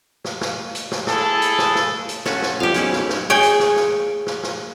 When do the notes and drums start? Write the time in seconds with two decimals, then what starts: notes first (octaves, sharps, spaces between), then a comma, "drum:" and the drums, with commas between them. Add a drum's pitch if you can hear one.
0.25 drum: snare
0.41 drum: snare
0.75 drum: hi-hat
0.92 drum: snare
1.07 E4 G#4 A4, drum: snare
1.42 drum: hi-hat
1.59 drum: snare
1.75 drum: snare
2.09 drum: hi-hat
2.26 A3 C#4 F#4, drum: snare
2.42 drum: snare
2.60 F2 G4 F5
2.74 B1 G#3 C#4 E4, drum: hi-hat
2.93 drum: snare
3.09 drum: snare
3.30 G#4 C#5 G5
3.43 drum: hi-hat
3.60 drum: snare
3.76 drum: snare
4.27 drum: snare
4.43 drum: snare